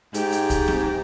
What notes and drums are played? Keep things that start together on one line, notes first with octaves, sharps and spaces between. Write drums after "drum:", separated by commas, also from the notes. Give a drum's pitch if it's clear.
G#2 G#3 G4, drum: hi-hat
drum: hi-hat
drum: kick C2, hi-hat
drum: snare C4